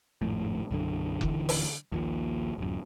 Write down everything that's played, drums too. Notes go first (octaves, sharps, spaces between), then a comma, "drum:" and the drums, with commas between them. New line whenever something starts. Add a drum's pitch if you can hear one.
G#1 F2 A2
B1 F#2 D3
D#1 D3 E3, drum: kick F1
drum: open hi-hat
A#1 D#2 A#2
D1 F#2